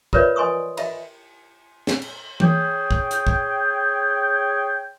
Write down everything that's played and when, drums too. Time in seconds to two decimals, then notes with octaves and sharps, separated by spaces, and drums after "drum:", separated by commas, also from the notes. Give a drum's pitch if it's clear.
0.13 F4 A#4 B4 C#5 D5 E5, drum: kick
0.36 D#5 G#5 C6 C#6 D#6
0.77 D#5 E5 B5, drum: cymbal
1.87 drum: snare
2.02 drum: cymbal
2.40 G#4 C#5 G5, drum: tom E3
2.91 drum: kick
3.11 drum: hi-hat
3.27 drum: kick